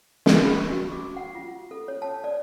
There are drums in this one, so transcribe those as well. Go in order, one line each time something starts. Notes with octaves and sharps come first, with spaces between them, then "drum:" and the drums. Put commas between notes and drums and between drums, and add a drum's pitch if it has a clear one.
drum: snare
B5
C#6
F#4
D6
F#5
F4
A4
C#5
A5
D5